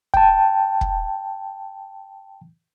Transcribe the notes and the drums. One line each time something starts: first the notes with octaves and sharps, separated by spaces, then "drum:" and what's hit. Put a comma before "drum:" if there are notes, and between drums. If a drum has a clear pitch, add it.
G5 A5, drum: kick
drum: kick